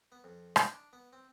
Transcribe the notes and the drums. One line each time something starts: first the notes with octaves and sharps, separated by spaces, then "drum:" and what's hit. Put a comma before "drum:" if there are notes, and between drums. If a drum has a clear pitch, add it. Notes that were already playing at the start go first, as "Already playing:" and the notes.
B3
F2
D#4, drum: rim click
D4
B3
C4